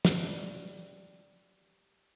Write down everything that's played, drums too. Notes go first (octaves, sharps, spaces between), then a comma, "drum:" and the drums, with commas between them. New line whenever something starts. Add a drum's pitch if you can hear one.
drum: snare
G3 G4 A5